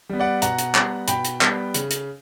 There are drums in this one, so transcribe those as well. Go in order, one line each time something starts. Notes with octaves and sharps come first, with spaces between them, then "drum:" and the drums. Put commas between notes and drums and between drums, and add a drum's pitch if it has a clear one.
G3 B3
D5 F#5
B2 F#5 A#5, drum: hi-hat
drum: hi-hat
G3 B3, drum: clap
B2 G5 B5, drum: hi-hat
drum: hi-hat
G3 B3, drum: clap
C#3, drum: hi-hat
drum: hi-hat